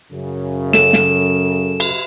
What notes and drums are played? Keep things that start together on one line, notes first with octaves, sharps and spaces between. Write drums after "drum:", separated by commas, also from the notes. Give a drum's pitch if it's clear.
F#2 C#3
A4 E7, drum: snare
drum: snare
drum: cymbal